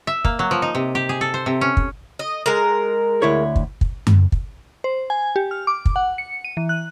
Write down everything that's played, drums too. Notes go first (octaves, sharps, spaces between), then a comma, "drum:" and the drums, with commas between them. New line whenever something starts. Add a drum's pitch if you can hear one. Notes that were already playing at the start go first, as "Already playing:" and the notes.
E5
A#3, drum: kick
F#3
F3
D#4
C3
G4
G#4
A4
C5
C3
C#4
drum: kick
D#5
G#3 A#4
D2 E4 C#5
drum: kick
drum: kick
drum: tom F#2
drum: kick
C5
G#5
G4
F6
D6
drum: kick
F#5
C#7
D#7
E3
F#6